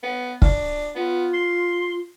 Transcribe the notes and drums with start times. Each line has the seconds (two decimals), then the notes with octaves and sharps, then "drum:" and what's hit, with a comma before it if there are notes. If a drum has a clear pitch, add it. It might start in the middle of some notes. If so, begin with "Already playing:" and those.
0.03 B3
0.42 D4, drum: kick
0.95 B3 F4
1.33 C6